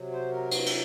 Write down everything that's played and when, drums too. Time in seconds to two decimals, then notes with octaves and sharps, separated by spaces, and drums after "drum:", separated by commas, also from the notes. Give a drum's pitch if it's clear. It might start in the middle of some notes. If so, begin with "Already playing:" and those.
Already playing: C3 F#3
0.12 C5
0.31 A#4
0.51 drum: cymbal
0.66 drum: cymbal